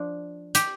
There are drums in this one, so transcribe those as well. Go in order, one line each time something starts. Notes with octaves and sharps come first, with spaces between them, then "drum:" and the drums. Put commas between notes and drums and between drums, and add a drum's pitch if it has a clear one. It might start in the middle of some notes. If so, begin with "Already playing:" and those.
Already playing: F3 D4
G4, drum: hi-hat